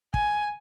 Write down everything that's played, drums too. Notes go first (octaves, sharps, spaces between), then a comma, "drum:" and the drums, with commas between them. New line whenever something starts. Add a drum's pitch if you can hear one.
G#5, drum: kick